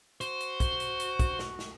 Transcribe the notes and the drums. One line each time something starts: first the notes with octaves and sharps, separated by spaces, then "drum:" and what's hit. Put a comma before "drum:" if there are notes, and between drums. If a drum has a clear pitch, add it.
F#4 C5, drum: hi-hat
drum: hi-hat
drum: kick, hi-hat
drum: hi-hat
drum: hi-hat
drum: kick, hi-hat
drum: snare
drum: snare